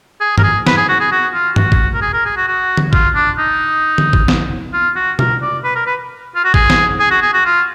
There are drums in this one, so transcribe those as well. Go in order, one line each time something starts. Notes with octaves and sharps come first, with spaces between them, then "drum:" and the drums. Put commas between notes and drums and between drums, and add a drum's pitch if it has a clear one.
G#4
A#4, drum: tom G2
G#4
B4, drum: snare
G#4
F#4
G#4
F#4
F4
F#4, drum: tom G2
drum: kick G#1
A#4
G#4
A#4
G#4
F#4
F#4
drum: tom D3
F4, drum: kick G#1
D4
D#4
drum: tom D3
drum: kick G#1
drum: snare
F4
F#4
A#4, drum: tom B2
D5
B4
A#4
B4
F4
F#4
G#4, drum: kick G#1
drum: snare
G#4
F#4
G#4
F#4
F4